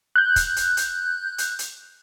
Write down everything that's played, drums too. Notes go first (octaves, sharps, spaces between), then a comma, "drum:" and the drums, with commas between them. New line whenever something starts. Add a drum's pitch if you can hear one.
F#6 G6
drum: kick, hi-hat
drum: hi-hat
drum: hi-hat
drum: hi-hat
drum: hi-hat